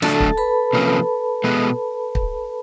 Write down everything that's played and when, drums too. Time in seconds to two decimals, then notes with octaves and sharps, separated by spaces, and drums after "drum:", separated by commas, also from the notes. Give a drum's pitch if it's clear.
0.02 D3 F#3 A3 D4 F#4 A4 A5, drum: snare
0.20 drum: kick
0.37 B4 B5
0.73 C3 F3 A#3 C#4
1.44 B2 G#3 B3
2.15 drum: kick